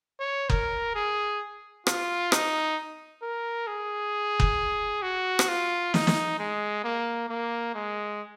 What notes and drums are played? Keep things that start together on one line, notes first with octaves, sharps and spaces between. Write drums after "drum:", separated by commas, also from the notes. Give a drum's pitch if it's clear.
C#5
A#4, drum: kick F#1
G#4
F4, drum: rim click
D#4, drum: rim click
A#4
G#4
drum: kick F#1
F#4
drum: rim click
F4
D#4, drum: snare
drum: snare
G#3
A#3
A#3
G#3